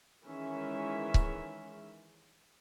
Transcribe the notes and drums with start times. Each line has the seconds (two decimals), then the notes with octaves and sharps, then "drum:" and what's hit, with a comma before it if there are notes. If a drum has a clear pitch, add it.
0.24 D#3 E3 G#3 C#4 E5
1.14 drum: kick C#1